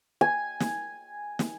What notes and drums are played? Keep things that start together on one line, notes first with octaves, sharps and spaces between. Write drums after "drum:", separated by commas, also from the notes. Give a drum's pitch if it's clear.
G#5
drum: snare
drum: snare